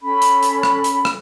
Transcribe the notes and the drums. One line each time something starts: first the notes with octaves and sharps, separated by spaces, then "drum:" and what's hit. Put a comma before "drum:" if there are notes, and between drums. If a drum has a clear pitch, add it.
C#4 A4 B5
drum: hi-hat
drum: hi-hat
drum: rim click
drum: hi-hat
drum: rim click